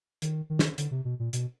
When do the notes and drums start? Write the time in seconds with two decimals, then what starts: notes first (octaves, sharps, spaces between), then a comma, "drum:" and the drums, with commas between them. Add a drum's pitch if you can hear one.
0.22 D#3, drum: hi-hat
0.50 D#3
0.59 drum: snare
0.78 D3, drum: hi-hat
0.91 C3
1.05 B2
1.19 A#2
1.33 B2, drum: hi-hat